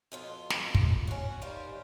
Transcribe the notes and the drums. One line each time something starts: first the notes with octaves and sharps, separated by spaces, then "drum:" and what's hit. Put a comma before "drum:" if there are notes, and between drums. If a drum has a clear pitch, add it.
F2 B2 F4
drum: snare
drum: kick
C#4 F#4
D#3 G3 C5 F5